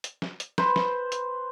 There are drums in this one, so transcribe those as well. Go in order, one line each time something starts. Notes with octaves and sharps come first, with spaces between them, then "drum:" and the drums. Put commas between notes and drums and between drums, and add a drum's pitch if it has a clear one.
drum: hi-hat
drum: snare
drum: hi-hat
B4 C5, drum: snare
drum: snare
drum: hi-hat